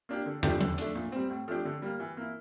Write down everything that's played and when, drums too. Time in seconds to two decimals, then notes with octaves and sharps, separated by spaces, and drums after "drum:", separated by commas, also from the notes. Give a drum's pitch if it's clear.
0.09 A#3 D4 G4
0.26 D3
0.43 F3 A3 D4 G4, drum: tom
0.61 D3, drum: tom F3
0.78 A3 D4, drum: hi-hat
0.95 A#2
1.12 G3 C4
1.30 A2
1.48 F3 A3 D4 G4
1.65 D3
1.82 G3 A#3
2.00 E3
2.17 A#3 E4